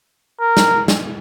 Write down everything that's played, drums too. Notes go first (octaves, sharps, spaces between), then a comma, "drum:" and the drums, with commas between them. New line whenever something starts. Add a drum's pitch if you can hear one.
A#4
drum: snare
drum: snare